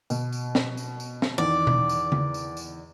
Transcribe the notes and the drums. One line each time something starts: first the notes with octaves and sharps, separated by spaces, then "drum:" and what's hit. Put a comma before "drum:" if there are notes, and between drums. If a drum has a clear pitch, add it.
B2, drum: tambourine
drum: tambourine
drum: snare
drum: tambourine
drum: tambourine
drum: snare
E2 D#3 D5
drum: tom B2
drum: tambourine
drum: tom C#3
drum: tambourine
drum: tambourine